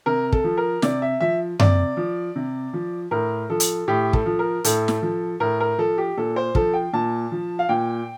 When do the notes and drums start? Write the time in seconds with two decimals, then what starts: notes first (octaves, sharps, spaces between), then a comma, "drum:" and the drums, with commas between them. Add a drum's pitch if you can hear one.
0.06 C3 A#4
0.32 A4, drum: kick
0.44 F3
0.57 A#4
0.82 C3 D5, drum: snare
1.02 E5
1.20 F3 E5
1.59 C3 D5, drum: tom F#2
1.97 F3
2.36 C3
2.73 F3
3.11 A2 A#4
3.50 F3 A4
3.60 drum: hi-hat
3.88 A2 G4
4.13 A4, drum: kick
4.26 F3
4.39 A#4
4.64 A2 A4, drum: hi-hat
4.88 drum: snare
5.02 F3
5.40 A2 A#4
5.60 A#4
5.78 F3 A4
5.98 G4
6.18 A#2 A4
6.36 C5
6.55 F3 A4, drum: kick
6.74 G5
6.93 A#2 A5
7.32 F3
7.59 F5
7.69 A#2 G5